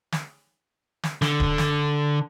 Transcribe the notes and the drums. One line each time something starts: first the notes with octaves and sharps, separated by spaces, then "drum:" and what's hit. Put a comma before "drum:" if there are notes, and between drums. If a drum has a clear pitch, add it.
drum: snare
drum: snare
D3, drum: snare
drum: kick D1
drum: snare